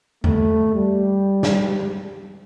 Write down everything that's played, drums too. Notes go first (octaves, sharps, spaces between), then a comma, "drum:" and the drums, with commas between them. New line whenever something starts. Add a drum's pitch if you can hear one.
A3, drum: tom E2
G3
drum: snare G4